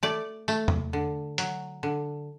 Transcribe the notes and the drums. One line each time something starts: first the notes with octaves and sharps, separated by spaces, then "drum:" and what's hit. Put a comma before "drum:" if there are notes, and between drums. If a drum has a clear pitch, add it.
A3 D5
A3, drum: tambourine
drum: tom E2
D3
F#3, drum: hi-hat
D3